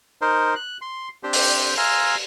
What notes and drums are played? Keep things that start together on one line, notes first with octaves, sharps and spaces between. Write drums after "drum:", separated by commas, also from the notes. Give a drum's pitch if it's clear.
D#4 A#4 C5
F#6
C6
C4 D4 G4 C5
drum: open hi-hat
F5 G#5 A#5 C6 E6